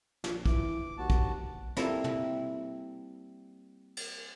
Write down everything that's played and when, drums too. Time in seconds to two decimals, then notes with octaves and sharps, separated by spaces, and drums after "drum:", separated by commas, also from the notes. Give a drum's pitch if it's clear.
0.24 A#1, drum: snare
0.46 E3 D6, drum: kick
0.98 D#2 F#4 A5
1.10 drum: kick
1.77 G3 A#3 C4 E4 A4, drum: snare
2.04 drum: tom
3.97 drum: cymbal